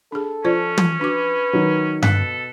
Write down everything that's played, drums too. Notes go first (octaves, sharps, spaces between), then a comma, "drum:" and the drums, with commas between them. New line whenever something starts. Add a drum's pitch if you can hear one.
D4 G#4 A4
F3 C#4 F4 C5 D5
drum: tom
D4 F#4 B4 D6
D#3 F#3
B2 A4 F#6 B6, drum: tom G2